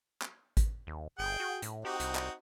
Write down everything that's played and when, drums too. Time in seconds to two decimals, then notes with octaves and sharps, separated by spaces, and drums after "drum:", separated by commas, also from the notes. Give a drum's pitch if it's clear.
0.22 drum: clap
0.57 drum: kick G#1, hi-hat
0.87 D#2
1.19 G1 G#4 G5
1.40 F#4
1.62 A2, drum: hi-hat
1.85 C4 D#4 F#4 G4
2.00 C2, drum: hi-hat
2.15 drum: clap